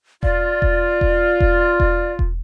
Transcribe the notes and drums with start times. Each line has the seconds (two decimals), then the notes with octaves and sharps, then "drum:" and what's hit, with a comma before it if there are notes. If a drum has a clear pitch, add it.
0.23 F4 D5, drum: kick E1
0.62 drum: kick E1
1.01 drum: kick E1
1.40 drum: kick E1
1.80 drum: kick E1
2.19 drum: kick E1